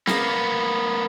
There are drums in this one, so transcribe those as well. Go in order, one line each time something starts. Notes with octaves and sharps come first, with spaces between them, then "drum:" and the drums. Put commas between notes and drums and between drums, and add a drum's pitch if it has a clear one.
A#3 B3, drum: snare